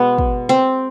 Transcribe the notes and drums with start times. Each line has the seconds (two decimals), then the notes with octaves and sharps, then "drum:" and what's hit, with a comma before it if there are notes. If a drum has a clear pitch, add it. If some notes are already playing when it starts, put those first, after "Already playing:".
Already playing: B2 G#3 B3
0.18 drum: kick
0.49 C4